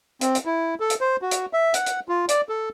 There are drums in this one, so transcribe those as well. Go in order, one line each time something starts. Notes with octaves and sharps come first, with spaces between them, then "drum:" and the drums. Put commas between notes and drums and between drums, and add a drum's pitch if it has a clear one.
C4, drum: hi-hat
drum: hi-hat
E4
A4
drum: hi-hat
C5
F#4
drum: hi-hat
E5
F#5, drum: hi-hat
drum: hi-hat
F4
D5, drum: hi-hat
A4